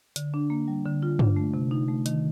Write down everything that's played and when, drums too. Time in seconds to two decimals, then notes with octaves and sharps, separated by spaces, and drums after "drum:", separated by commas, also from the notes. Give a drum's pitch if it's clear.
0.16 D3, drum: hi-hat
0.34 D4
0.50 A#3
0.68 G3
0.85 D3
1.03 F4
1.19 D4, drum: tom G2
1.36 A3
1.54 C3
1.71 D#4
1.88 A3
2.06 D#3, drum: hi-hat